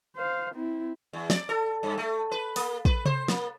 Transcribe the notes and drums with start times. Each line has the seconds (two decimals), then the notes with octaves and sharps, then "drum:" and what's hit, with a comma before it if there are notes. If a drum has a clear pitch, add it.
0.16 C5 F5
0.55 C4 E4
1.13 E2
1.30 D5, drum: snare
1.49 A4
1.83 G2
1.98 A3
2.31 B4
2.56 A#3, drum: open hi-hat
2.85 B4, drum: kick
3.05 C5, drum: tom C3
3.28 A#3, drum: snare